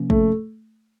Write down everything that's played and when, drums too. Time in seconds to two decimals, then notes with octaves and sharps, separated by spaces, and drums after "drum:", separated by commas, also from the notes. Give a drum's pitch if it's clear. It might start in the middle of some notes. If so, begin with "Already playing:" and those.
Already playing: C3 F3 A#3 C#4
0.10 A3, drum: kick